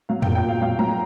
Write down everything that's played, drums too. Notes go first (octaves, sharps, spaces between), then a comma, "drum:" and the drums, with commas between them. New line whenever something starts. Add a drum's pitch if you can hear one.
F#3 F5
G5, drum: tom
A#2
G5
A#2 F5
F#3 F5
F#3 A#5